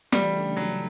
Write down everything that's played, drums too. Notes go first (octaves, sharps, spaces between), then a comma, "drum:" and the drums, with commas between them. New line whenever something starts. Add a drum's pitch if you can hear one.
C#3 E3 G3 A3 D4, drum: snare
F#3